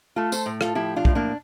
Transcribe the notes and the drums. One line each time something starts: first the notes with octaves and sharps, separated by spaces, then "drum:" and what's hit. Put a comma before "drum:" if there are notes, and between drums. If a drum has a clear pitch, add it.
A3 F4 A4
A4 C5, drum: tambourine
A2
F4 A4, drum: rim click
F3 E4 G4
D4 F4
A2, drum: kick
A#3 D4